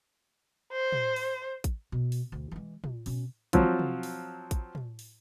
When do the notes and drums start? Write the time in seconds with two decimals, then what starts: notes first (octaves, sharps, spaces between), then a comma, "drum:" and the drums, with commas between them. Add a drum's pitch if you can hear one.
0.72 C5
0.92 drum: tom
1.16 drum: open hi-hat
1.64 drum: kick, hi-hat
1.92 B2
2.12 drum: open hi-hat
2.32 D2
2.52 E3 G#3
2.84 F4, drum: tom
3.06 B2 C#4, drum: open hi-hat
3.53 F3 F#3 C4 F4, drum: kick, hi-hat
3.79 drum: tom
4.03 drum: open hi-hat
4.51 drum: kick, hi-hat
4.75 drum: tom
4.99 drum: open hi-hat